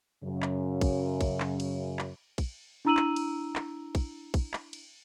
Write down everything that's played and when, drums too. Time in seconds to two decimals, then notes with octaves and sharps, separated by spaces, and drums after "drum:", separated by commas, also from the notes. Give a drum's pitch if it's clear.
0.23 F#2 C#3
0.42 drum: clap
0.81 drum: kick, cymbal
1.21 drum: kick, cymbal
1.40 drum: clap
1.60 drum: cymbal
1.99 drum: clap
2.38 drum: kick, cymbal
2.85 D4 E4 A#5 E6 D#7 F#7
2.97 drum: clap
3.16 drum: cymbal
3.56 drum: clap
3.95 drum: kick, cymbal
4.34 drum: kick, cymbal
4.53 drum: clap
4.73 drum: cymbal